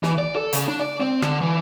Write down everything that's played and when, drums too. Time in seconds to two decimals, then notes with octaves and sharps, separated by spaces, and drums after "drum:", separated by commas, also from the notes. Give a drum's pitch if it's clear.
0.03 E3, drum: snare
0.18 D5
0.35 A4
0.53 C#3, drum: hi-hat
0.68 D4
0.80 D5
1.00 C4
1.22 D3, drum: rim click
1.41 E3